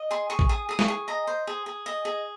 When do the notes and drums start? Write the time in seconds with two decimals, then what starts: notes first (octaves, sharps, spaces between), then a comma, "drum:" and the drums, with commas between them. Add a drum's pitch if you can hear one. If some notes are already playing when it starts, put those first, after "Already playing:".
Already playing: D#5
0.11 G#4 C6
0.30 G#4 C#6
0.39 drum: kick A1
0.49 G#4 D#6
0.69 G#4 D#6
0.79 C#6, drum: snare
0.88 G#4
1.08 D#5 A#5
1.27 C5
1.47 G#4
1.66 G#4
1.86 D#5
2.05 G#4